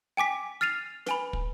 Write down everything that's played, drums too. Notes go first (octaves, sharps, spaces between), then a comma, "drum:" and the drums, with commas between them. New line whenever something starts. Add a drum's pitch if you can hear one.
G5 G#5 D6 B6
F6 A6 C7 D#7 F7
B4 G#5 B5, drum: snare
drum: kick